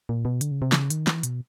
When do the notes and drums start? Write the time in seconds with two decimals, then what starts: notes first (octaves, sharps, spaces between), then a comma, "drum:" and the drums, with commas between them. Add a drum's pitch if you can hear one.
0.09 A#2
0.25 B2
0.41 D3, drum: hi-hat
0.51 C#3
0.62 C3
0.72 C#3, drum: snare
0.90 D#3, drum: hi-hat
1.07 E3, drum: snare
1.23 B2, drum: hi-hat